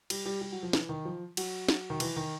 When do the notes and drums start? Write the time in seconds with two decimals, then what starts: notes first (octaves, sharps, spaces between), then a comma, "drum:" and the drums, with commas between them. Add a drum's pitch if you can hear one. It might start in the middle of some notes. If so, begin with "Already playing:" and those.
0.10 G3, drum: cymbal
0.25 G3
0.41 G3
0.52 F#3
0.63 F3
0.73 E3, drum: snare
0.89 D#3
1.05 F3
1.37 F#3, drum: cymbal
1.69 drum: snare
1.90 D#3
2.00 E3, drum: cymbal
2.16 D#3